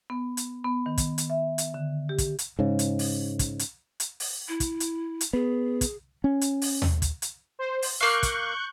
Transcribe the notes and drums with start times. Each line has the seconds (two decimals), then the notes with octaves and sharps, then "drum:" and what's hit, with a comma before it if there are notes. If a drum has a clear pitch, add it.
0.10 B3
0.37 drum: hi-hat
0.64 B3
0.86 D#3
0.98 drum: kick, hi-hat
1.18 drum: hi-hat
1.30 E5
1.58 drum: hi-hat
1.74 D3
2.09 G4
2.18 drum: kick, hi-hat
2.39 drum: hi-hat
2.59 G#2 C#3
2.79 drum: hi-hat
2.99 drum: open hi-hat
3.39 drum: kick, hi-hat
3.59 drum: hi-hat
4.00 drum: hi-hat
4.20 drum: open hi-hat
4.48 E4
4.60 drum: kick, hi-hat
4.80 drum: hi-hat
5.21 drum: hi-hat
5.33 B3 G#4
5.81 drum: kick, hi-hat
6.24 C#4
6.41 drum: hi-hat
6.62 drum: open hi-hat
6.82 drum: tom D#2
7.02 drum: kick, hi-hat
7.22 drum: hi-hat
7.59 C5
7.82 drum: open hi-hat
8.01 A#3 F5 C#6 F#6 G6
8.23 drum: kick, hi-hat